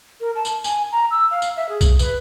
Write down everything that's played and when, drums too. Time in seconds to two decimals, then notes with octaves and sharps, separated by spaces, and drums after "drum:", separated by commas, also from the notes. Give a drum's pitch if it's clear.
0.21 A#4
0.35 A5
0.45 drum: tambourine
0.64 G#5, drum: tambourine
0.92 A#5
1.11 E6
1.31 F5
1.42 drum: tambourine
1.57 E5
1.69 G#4
1.81 drum: kick B1, tambourine
1.99 B4, drum: tambourine